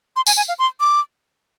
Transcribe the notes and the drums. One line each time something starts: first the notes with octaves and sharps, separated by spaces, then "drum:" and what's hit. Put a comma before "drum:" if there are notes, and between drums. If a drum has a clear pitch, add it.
C6
G#5, drum: tambourine
G#5
F5
C6
D6